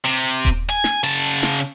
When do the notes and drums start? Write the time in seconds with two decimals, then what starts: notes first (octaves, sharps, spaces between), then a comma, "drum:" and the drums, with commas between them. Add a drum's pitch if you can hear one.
0.04 C3
0.45 drum: kick D#1
0.70 G#5
0.84 drum: snare
1.04 C#3 A5, drum: hi-hat
1.43 drum: snare